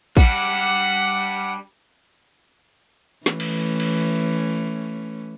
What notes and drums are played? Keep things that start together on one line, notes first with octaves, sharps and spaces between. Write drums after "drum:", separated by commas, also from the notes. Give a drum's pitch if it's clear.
G3 D4 F#5, drum: kick
E3 A3 C#4, drum: snare
drum: cymbal
drum: cymbal